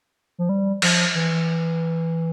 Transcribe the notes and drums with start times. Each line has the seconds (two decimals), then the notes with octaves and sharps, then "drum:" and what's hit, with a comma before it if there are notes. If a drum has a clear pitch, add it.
0.38 F3
0.49 G3
0.82 F3, drum: cymbal
1.15 E3